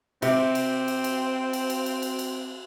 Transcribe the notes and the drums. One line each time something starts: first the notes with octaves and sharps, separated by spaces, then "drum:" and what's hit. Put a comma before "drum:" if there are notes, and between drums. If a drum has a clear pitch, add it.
C3 C4, drum: cymbal
drum: cymbal
drum: cymbal
drum: cymbal
drum: cymbal
drum: cymbal
drum: cymbal
drum: cymbal
drum: cymbal